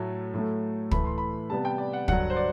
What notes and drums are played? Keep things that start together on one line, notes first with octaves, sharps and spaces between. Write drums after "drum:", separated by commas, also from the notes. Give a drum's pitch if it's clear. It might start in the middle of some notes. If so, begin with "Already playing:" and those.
Already playing: A2 F#3 A3
A2 F#3 A3
A2 E3 A3 B5, drum: kick
C6
B5
C3 G3 B3 A5
G5
D5
F#5
G2 D3 F#3 F#5, drum: kick
C5
D5